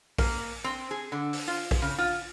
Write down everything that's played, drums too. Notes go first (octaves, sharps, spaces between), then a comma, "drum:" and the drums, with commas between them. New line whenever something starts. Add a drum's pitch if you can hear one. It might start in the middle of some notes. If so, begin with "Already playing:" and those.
A#3, drum: kick A#1, open hi-hat
C4
G#4
D3
drum: open hi-hat
F4
drum: kick A#1, open hi-hat
C#3
F4